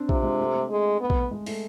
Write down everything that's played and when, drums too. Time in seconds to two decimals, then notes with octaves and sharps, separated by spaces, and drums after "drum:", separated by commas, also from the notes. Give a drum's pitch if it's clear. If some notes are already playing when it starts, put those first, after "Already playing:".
Already playing: C4 D4
0.09 C3 F4, drum: kick A#1
0.23 G#3
0.40 A3
0.55 A3
0.70 G#3
1.01 B3
1.10 drum: kick A#1
1.31 G#3
1.46 A3, drum: open hi-hat